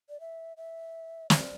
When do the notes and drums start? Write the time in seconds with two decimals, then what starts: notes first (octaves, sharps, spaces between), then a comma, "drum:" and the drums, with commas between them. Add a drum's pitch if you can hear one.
0.09 D5
0.20 E5
0.57 E5
1.30 D5, drum: snare